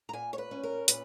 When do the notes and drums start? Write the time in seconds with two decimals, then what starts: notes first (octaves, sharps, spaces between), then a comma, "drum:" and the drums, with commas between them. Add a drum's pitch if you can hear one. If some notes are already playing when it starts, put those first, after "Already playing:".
0.09 A#5
0.13 A#2 G#5
0.33 C#5
0.38 B4
0.51 C#4
0.63 A#4
0.88 A#2 B4, drum: hi-hat